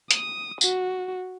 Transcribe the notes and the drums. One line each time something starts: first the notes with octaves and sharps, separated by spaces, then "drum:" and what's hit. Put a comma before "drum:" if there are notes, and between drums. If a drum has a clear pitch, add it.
D#6, drum: hi-hat
F#4, drum: tambourine